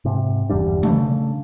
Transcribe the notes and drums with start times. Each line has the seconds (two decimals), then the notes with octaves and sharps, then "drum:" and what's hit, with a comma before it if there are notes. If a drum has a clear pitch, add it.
0.05 G#2 C3
0.50 G1 E2 G3 D4
0.83 C#3 A3 D4, drum: tom